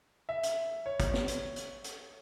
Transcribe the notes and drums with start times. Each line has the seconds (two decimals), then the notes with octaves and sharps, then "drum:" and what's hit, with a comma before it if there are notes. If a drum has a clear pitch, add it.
0.29 E5
0.43 drum: hi-hat
0.86 C#5
1.00 drum: kick, hi-hat
1.14 drum: snare
1.28 drum: hi-hat
1.56 drum: hi-hat
1.84 drum: hi-hat